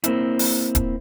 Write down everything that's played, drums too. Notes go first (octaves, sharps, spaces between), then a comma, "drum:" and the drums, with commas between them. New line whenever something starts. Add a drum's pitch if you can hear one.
A#3 C4 E4, drum: hi-hat
drum: open hi-hat
drum: kick D1, hi-hat